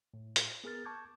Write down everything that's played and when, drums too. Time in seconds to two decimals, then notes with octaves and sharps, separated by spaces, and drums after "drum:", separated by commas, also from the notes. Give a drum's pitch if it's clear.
0.14 A2
0.36 drum: hi-hat
0.64 B3 G#4 A#4 F6 A6
0.85 A5 C#6 D6 G6 G#6